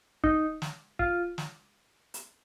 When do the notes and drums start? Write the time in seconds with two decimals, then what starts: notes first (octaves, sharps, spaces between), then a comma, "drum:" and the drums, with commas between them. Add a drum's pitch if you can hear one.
0.24 D#4, drum: kick
0.62 drum: snare
0.99 F4, drum: kick
1.38 drum: snare
2.14 drum: hi-hat